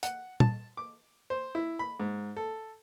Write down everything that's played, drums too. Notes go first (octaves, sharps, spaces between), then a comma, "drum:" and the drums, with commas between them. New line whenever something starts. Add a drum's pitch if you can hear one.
F#5, drum: hi-hat
A5, drum: tom
D6
C5
E4
B5
G#2
A4